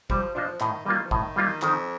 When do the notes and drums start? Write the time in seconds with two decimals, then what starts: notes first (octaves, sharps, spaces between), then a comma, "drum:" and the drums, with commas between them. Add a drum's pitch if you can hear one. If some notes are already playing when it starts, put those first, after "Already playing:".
0.10 F3 G3, drum: kick G1
0.35 F3 D4 F4 C5 D#5
0.60 A2 D#3, drum: clap
0.85 D#3 G3 A#3 F4
1.06 F3
1.11 A2 D#3, drum: kick G1
1.36 G3 A#3 F4
1.62 F2 D#3, drum: clap